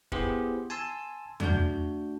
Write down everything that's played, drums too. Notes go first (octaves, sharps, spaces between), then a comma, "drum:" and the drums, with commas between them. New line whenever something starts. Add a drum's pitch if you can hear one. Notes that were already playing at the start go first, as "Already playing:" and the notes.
B3 E4 G4 G#4 C5, drum: kick
G#5 A5 C6 E6
A3 D4 F#4 G6, drum: tom E2